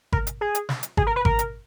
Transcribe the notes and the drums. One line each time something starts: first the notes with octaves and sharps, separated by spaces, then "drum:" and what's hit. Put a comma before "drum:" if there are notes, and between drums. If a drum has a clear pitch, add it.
A#4, drum: kick G#1
drum: hi-hat
G#4
drum: hi-hat
drum: snare
drum: hi-hat
G#4, drum: kick G#1
A#4
B4
A#4, drum: kick G#1
drum: hi-hat